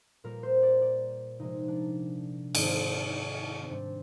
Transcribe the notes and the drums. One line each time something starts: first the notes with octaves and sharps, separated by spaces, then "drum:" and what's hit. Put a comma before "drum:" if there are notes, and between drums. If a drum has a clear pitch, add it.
A#2 G3 A#4
C5
D5
D5
C3 F3 G#3 D#4
D4
G#2 D#3 G#3 C4, drum: cymbal
C4
G#2 G3 D4